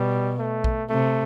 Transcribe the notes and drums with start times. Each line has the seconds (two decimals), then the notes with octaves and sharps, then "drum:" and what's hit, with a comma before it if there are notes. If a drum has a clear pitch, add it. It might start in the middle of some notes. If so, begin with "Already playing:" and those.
Already playing: B2 G3
0.39 A3
0.64 drum: kick
0.89 C3 A3